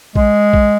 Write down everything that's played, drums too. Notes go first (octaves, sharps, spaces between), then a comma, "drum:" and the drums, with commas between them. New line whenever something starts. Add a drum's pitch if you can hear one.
G#3, drum: kick A#1
drum: kick A#1